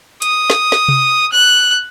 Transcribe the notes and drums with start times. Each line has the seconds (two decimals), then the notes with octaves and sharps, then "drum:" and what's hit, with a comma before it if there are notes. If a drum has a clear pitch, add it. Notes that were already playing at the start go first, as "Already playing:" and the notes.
0.22 D#6, drum: hi-hat
0.50 drum: snare
0.72 drum: snare
0.88 drum: tom C3
1.33 F#6